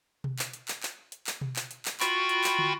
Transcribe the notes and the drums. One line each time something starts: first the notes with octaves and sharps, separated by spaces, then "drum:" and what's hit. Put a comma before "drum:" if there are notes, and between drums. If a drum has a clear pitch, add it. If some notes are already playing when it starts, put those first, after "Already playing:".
drum: tom B2
drum: clap
drum: hi-hat
drum: clap
drum: clap
drum: hi-hat
drum: clap
drum: tom B2
drum: clap
drum: hi-hat
drum: clap
F4 F#4 G5 B5 C#6, drum: clap
drum: hi-hat
drum: clap
drum: tom